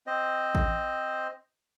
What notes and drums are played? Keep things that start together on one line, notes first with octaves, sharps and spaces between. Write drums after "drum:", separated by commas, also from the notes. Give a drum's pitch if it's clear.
C4 C5 D#5
drum: kick A1